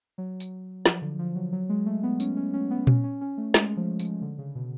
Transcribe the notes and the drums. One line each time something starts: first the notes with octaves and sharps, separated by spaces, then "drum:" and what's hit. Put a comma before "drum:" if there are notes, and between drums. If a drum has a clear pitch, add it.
F#3
drum: tambourine
F3, drum: snare
D3
F3
F#3
F#3
G#3
A3
B3
C#4, drum: tambourine
C#4
C#4
B3
C#4, drum: tom A#2
C#4
C#4
A3
G#3, drum: snare
F3
F3, drum: tambourine
D3
C#3
B2